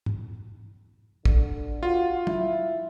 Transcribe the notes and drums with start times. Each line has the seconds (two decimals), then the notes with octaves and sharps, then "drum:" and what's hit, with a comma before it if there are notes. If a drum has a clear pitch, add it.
0.06 drum: tom
1.25 D3, drum: kick
1.83 F4 F#4
2.27 E4, drum: tom